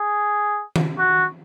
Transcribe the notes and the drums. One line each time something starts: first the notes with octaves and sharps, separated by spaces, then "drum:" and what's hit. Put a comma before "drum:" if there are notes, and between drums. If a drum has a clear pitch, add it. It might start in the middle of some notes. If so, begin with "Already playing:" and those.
Already playing: G#4
drum: tom D#3
F#4